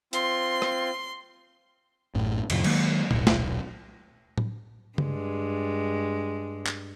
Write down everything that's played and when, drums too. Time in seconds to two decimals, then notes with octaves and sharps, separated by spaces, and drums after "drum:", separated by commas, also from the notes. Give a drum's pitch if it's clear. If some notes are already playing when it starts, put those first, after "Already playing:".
0.13 C4 F4 C6, drum: hi-hat
0.62 drum: rim click
2.15 A1 F#2 A2
2.50 F2 A2 C3 F3, drum: cymbal
2.64 D#3 F#3 G#3 A#3, drum: cymbal
3.11 D#1 B1, drum: tom A2
3.27 drum: snare
4.38 drum: tom A2
4.98 G2 G#3, drum: tom C#3
6.66 drum: clap